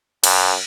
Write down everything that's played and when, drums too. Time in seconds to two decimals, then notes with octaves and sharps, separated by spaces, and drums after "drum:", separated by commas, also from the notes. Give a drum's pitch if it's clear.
0.24 F#2, drum: cymbal